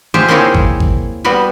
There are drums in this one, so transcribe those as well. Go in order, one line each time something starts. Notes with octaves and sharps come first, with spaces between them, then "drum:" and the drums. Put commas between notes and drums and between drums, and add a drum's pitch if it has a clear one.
F4 G4 G#4 C5 E5
A#3 C4 D#4 E4 G#4 C#5
drum: kick G#1
drum: kick G#1
G3 B3 F#4 B4